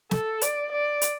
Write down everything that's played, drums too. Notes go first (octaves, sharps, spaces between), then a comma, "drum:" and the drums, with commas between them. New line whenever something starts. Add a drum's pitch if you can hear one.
A4, drum: snare
D5, drum: hi-hat
D5
drum: hi-hat